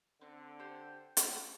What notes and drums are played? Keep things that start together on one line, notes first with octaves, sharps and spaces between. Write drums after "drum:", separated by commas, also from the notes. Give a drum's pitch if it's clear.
D3 C4
G4 C5
drum: hi-hat